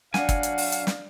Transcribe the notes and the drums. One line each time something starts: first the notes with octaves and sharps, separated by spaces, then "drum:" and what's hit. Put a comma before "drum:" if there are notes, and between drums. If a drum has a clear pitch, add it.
F#3 D4 F5 F#5 G#5, drum: snare
drum: kick, hi-hat
drum: hi-hat
drum: open hi-hat
drum: hi-hat
drum: snare